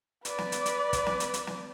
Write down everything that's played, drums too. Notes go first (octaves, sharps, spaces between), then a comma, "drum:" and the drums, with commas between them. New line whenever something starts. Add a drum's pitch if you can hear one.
B4 D5, drum: hi-hat
drum: snare
drum: hi-hat
drum: hi-hat
drum: kick, hi-hat
drum: snare
drum: hi-hat
drum: hi-hat
drum: snare